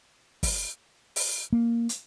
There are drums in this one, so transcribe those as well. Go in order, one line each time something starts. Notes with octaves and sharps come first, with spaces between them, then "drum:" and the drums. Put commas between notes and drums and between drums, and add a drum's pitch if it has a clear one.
drum: kick, open hi-hat
drum: open hi-hat
A#3
drum: hi-hat